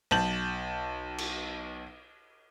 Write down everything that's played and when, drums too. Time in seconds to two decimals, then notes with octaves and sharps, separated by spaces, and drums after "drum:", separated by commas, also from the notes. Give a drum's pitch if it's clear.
0.11 B1 A5 G6 F#7
1.18 drum: cymbal